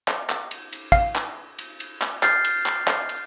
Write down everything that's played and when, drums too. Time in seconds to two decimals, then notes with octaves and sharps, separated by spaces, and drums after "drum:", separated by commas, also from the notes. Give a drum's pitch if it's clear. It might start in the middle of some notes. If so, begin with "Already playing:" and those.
0.08 drum: clap
0.30 drum: clap
0.51 drum: cymbal
0.73 drum: cymbal
0.92 F5, drum: kick, cymbal
1.16 drum: clap
1.59 drum: cymbal
1.80 drum: cymbal
2.02 drum: clap
2.23 F6 G6 A6 C7, drum: clap
2.45 drum: cymbal
2.66 drum: clap
2.88 drum: clap
3.09 drum: cymbal